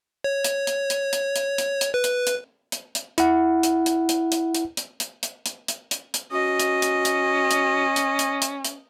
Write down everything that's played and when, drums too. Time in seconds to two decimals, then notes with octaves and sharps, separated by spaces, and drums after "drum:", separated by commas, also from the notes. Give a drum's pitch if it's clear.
0.24 C#5
0.44 drum: hi-hat
0.67 drum: hi-hat
0.90 drum: hi-hat
1.13 drum: hi-hat
1.36 drum: hi-hat
1.58 drum: hi-hat
1.81 drum: hi-hat
1.94 B4
2.04 drum: hi-hat
2.27 drum: hi-hat
2.72 drum: hi-hat
2.95 drum: hi-hat
3.18 E4 F#5, drum: hi-hat
3.63 drum: hi-hat
3.86 drum: hi-hat
4.09 drum: hi-hat
4.32 drum: hi-hat
4.54 drum: hi-hat
4.77 drum: hi-hat
5.00 drum: hi-hat
5.23 drum: hi-hat
5.46 drum: hi-hat
5.68 drum: hi-hat
5.91 drum: hi-hat
6.14 drum: hi-hat
6.32 C#4 F#4 D#5
6.60 drum: hi-hat
6.82 drum: hi-hat
7.05 drum: hi-hat
7.51 drum: hi-hat
7.96 drum: hi-hat
8.19 drum: hi-hat
8.42 drum: hi-hat
8.65 drum: hi-hat